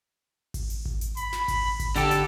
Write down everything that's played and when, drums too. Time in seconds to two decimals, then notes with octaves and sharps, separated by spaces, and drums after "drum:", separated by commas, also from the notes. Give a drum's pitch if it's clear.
0.54 drum: kick G#1, open hi-hat
0.70 drum: hi-hat
0.85 drum: kick G#1
1.01 drum: hi-hat
1.17 B5, drum: hi-hat
1.33 drum: snare
1.48 drum: kick G#1, open hi-hat
1.80 drum: kick G#1, open hi-hat
1.96 D3 G4 A4, drum: hi-hat
2.11 drum: hi-hat